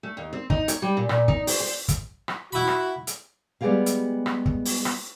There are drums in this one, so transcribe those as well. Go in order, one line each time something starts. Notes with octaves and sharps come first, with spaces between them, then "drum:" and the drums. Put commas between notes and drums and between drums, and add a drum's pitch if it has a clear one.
A3
D#2
C4
D#4, drum: kick
C#5, drum: hi-hat
G3
A#2
A#2, drum: rim click
D#4, drum: kick
C5, drum: open hi-hat
C5
drum: kick, hi-hat
drum: rim click
E4 F#4 B5
drum: rim click
drum: hi-hat
G3 G#3 B3 G4 G#4 F5
drum: hi-hat
drum: rim click
drum: kick
drum: open hi-hat
drum: rim click